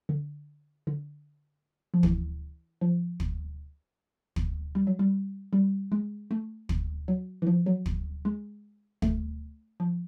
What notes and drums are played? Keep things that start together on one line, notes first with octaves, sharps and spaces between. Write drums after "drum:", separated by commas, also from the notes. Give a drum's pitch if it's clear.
D3
D3
F3
E3, drum: kick
F3
drum: kick
drum: kick
G3
F#3
G3
G3
G#3
A3
drum: kick
F#3
E3
F3
F#3
drum: kick
G#3
A3, drum: kick
F3